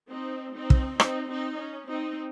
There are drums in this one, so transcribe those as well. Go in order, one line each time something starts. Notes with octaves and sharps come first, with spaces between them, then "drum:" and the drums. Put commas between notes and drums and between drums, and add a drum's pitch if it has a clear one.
C4 D#4
C4 D#4
drum: kick
C4 D#4, drum: rim click
C4 D#4
C#4
C4 D#4